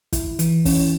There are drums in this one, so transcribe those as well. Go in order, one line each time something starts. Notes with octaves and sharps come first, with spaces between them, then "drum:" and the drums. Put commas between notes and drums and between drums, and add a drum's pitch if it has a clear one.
E4, drum: kick, hi-hat
E3, drum: hi-hat
C#4, drum: kick, open hi-hat